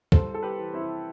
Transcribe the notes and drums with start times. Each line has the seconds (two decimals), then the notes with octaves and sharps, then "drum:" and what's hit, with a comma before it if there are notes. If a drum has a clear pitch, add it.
0.12 C2 A4 C5, drum: kick
0.34 C2 A4
0.43 G4 B4
0.59 E3
0.74 C4 E4
0.81 C3